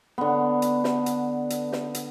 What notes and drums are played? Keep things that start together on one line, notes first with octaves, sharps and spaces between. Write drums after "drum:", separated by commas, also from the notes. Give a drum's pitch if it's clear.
D3 B3
drum: hi-hat
drum: snare
drum: hi-hat
drum: hi-hat
drum: snare
drum: hi-hat